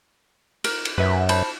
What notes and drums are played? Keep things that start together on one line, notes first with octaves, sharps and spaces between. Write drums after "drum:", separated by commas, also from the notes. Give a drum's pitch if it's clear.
A#4, drum: cymbal
drum: cymbal
F#2 B4 E5
C5 A5 B5, drum: cymbal